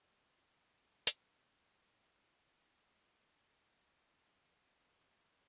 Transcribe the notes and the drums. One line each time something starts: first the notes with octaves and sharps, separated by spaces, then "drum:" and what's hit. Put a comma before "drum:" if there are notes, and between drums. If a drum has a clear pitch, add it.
C#4
E4 F#4 G#5
drum: hi-hat
G3 E5 G5
A3
E4
C#5
F3
C5
D#4
G#4
A4
G4